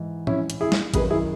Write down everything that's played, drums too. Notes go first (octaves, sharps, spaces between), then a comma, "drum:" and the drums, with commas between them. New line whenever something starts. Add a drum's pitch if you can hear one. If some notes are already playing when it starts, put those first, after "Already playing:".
Already playing: G#2 E3
C#4 E4, drum: tom
drum: hi-hat
E4 G#4
drum: snare
F#2 D#3 G#4 B4, drum: kick G#1, hi-hat
E4 G#4